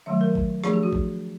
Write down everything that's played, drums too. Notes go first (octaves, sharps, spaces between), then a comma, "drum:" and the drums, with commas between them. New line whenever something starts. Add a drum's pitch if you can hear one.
D#3 F#3 A3 E5
A#4
drum: kick
F3 A3 D4 G#4, drum: rim click
G4
F#4
drum: kick